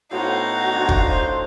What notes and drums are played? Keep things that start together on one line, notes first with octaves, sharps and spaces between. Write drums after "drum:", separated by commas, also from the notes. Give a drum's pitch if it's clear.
A2 B3 D#4 F#4 C5 F5
C4 D4 C#5
drum: kick
C5